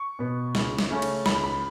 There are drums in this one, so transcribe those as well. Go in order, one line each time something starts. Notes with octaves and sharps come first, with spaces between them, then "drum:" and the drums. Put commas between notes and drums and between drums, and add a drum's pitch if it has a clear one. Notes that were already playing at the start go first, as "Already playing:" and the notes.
Already playing: C#6
B2 B3
C#2, drum: snare
drum: snare
C#3 A3 C#4
drum: cymbal
C#2 B5, drum: snare
B5